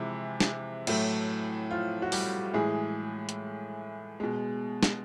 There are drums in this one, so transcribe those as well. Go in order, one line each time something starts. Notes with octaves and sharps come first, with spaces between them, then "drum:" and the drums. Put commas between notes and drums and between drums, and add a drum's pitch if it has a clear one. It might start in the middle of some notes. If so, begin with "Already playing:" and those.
Already playing: C3 E3 F3 G#3 E4
drum: snare
A2 F#3 A3, drum: cymbal
F3 F4
F#4
G3 G4, drum: open hi-hat
A2 E3 G#3 G#4
drum: hi-hat
B2 G#3
drum: snare